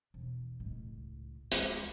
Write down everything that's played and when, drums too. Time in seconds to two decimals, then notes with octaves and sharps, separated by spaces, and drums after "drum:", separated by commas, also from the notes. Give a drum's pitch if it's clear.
0.14 E1
0.60 C#2 A2
1.52 G#3 F4, drum: hi-hat